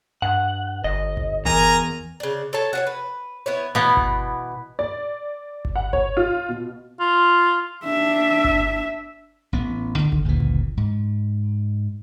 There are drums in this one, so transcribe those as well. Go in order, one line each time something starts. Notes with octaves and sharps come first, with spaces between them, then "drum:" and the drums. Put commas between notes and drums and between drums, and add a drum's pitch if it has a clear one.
G2 F#5
G1 D#5
drum: kick G1
E2 A#4 G#5 A#5, drum: kick G1
C#3 D4
A4 C#5 A5
F#4 G#4 C#5
B4
B3 E4 C#5
B2 E3 B3
drum: kick G1
D5
drum: kick G1
F#5
C#5, drum: kick G1
F4
B2
F4
D4 E5
drum: kick G1
A1 B3
D3 D#3
drum: kick G1
D2 A#2 C#3 E3
drum: kick G1
G#2